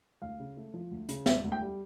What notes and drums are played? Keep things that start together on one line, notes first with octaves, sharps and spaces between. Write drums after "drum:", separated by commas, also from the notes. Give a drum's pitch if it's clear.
D2 F5
C#3
A3
F3
D2
C#3, drum: hi-hat
E1 E5, drum: snare
D2
G5
G3